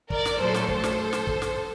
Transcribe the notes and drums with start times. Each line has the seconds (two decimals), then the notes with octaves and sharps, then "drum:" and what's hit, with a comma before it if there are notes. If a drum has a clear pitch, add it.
0.10 A#4 D5, drum: kick
0.25 drum: snare
0.40 A#2 F#3 A3 A4 C5
0.54 drum: snare
0.68 A4 C5, drum: kick
0.84 drum: snare
1.13 drum: snare
1.27 drum: kick
1.42 drum: snare